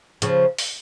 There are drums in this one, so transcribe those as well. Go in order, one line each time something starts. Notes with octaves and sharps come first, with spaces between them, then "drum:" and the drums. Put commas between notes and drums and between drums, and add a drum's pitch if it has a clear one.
C#3 F3, drum: hi-hat
drum: open hi-hat